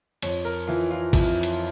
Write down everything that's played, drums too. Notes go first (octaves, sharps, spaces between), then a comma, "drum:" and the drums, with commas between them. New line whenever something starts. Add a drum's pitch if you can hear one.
F2 C#5, drum: cymbal
A#4
E3 F4
F4
F2 E4, drum: kick A1, cymbal
drum: cymbal